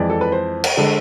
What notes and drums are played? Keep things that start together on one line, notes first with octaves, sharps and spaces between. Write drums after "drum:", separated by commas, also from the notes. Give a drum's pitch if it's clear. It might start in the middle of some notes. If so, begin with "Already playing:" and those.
Already playing: F2 E3 G#3 D5
A4
B4
C5
drum: cymbal
D3 G#3 A4